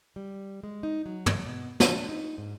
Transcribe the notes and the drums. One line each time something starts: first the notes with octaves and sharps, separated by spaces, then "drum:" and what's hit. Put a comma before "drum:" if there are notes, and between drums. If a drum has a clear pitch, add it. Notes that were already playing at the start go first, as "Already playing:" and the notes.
G3
G#3
D#4
F#3
drum: tom
B2
D4, drum: snare
D#4
G#2